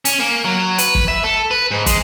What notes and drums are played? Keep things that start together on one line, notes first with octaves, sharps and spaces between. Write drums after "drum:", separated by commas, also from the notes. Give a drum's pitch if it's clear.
C#4, drum: hi-hat
A#3
F#3
B4, drum: hi-hat
drum: kick
E5
A4
B4
G#2
G#3, drum: kick, hi-hat